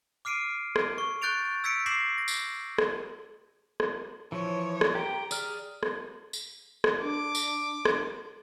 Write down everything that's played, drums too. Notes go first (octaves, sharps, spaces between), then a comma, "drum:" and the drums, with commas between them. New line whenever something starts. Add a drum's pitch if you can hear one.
D6 F6 C7 D7 D#7
drum: rim click
C#6
C#6 F#6 G6 A6 D7 F7
E6 G#6 B6 C#7 D7
D6 G6 A#6 C7 E7 F#7
A#6
drum: tambourine
drum: rim click
drum: rim click
E3 F3 C#5
drum: rim click
G4 G5 A#5
G#4 D5 F6, drum: tambourine
drum: rim click
drum: tambourine
drum: rim click
D4 D6
drum: tambourine
drum: rim click